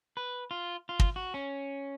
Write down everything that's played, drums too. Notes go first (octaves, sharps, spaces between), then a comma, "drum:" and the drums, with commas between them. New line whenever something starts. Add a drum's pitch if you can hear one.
B4
F4
F4
drum: kick
F#4
C#4